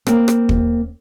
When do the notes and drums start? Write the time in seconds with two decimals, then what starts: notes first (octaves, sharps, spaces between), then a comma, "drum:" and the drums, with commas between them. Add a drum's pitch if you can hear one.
0.07 A#3 C4, drum: rim click
0.28 drum: rim click
0.49 drum: kick